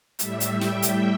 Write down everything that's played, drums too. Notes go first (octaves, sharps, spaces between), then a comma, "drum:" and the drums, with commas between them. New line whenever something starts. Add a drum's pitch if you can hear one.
A2 G3 E5, drum: hi-hat
drum: hi-hat
G5
drum: snare
drum: hi-hat